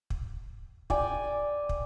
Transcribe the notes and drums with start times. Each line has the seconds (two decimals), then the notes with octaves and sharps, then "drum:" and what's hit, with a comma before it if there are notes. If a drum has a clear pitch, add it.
0.10 drum: kick
0.90 D5 G5 G#5, drum: kick
1.69 drum: kick